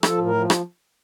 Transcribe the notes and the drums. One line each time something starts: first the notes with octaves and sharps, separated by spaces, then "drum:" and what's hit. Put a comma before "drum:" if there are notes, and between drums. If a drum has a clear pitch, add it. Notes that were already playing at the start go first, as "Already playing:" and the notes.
F3 A4, drum: rim click
A2
A#4
F3
drum: rim click